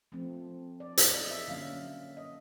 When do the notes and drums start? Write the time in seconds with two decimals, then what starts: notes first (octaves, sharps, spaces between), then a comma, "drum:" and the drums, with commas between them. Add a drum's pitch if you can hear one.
0.12 F3 A3 C4
0.80 D5
0.97 D5, drum: hi-hat
1.14 D#5
1.31 E5
1.48 D3 F#3 A#3 C#4 F5
2.17 D#5